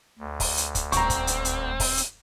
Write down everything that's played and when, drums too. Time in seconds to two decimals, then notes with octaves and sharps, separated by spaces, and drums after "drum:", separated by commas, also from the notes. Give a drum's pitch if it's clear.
0.19 D2
0.40 drum: kick, open hi-hat
0.57 drum: hi-hat
0.75 drum: kick, hi-hat
0.92 D#1 C4 A#5 C#6, drum: hi-hat
1.10 drum: kick, hi-hat
1.27 drum: hi-hat
1.45 drum: hi-hat
1.80 drum: kick, open hi-hat
1.97 drum: hi-hat